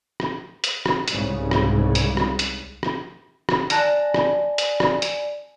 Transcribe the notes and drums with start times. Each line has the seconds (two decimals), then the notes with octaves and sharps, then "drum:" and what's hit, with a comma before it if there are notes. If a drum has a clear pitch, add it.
0.20 drum: rim click
0.64 drum: hi-hat
0.86 drum: rim click
1.08 C2 G#2 C#3, drum: hi-hat
1.51 drum: rim click
1.95 drum: hi-hat
2.17 drum: rim click
2.39 drum: hi-hat
2.83 drum: rim click
3.49 drum: rim click
3.70 D5 G#5 A5 F#6 A#6, drum: hi-hat
4.14 drum: rim click
4.58 drum: hi-hat
4.80 drum: rim click
5.02 drum: hi-hat